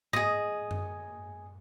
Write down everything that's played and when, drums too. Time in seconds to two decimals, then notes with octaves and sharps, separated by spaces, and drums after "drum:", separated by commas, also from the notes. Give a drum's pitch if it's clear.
0.13 G#4 D#5, drum: tom G#2
0.71 drum: tom F#2